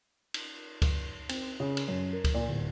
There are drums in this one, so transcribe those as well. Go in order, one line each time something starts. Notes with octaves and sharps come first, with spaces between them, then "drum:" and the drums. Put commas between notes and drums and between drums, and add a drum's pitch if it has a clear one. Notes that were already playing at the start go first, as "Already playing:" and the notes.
drum: cymbal
drum: kick C#2, cymbal
C4, drum: cymbal
C#3
drum: cymbal
F#2
A#4
drum: kick C#2, cymbal
A#2
D1